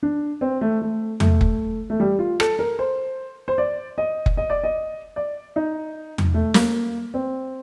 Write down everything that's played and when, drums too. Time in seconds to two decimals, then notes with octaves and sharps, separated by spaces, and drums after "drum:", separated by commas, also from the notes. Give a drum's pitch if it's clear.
0.03 D4
0.41 C4
0.61 A3
0.82 A3
1.20 A3, drum: tom E2
1.41 drum: kick
1.90 A3
2.00 G3
2.19 F4
2.40 A4, drum: rim click
2.59 A#4
2.79 C5
3.48 C5
3.58 D5
3.98 D#5
4.26 drum: kick
4.37 D#5
4.50 D5
4.64 D#5
5.16 D5
5.56 D#4
6.18 drum: tom E2
6.34 A3
6.54 A#3, drum: snare
7.14 C4